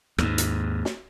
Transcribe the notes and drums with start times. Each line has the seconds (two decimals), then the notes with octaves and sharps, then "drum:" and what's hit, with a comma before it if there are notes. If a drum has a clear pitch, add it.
0.18 D#2 G#2, drum: rim click
0.38 drum: hi-hat
0.85 drum: snare